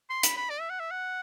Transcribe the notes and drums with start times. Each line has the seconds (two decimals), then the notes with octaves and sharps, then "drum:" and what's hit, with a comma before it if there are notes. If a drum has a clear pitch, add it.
0.10 C6
0.23 B5, drum: hi-hat
0.37 B5
0.50 D5
0.60 E5
0.70 F#5
0.80 E5
0.91 F#5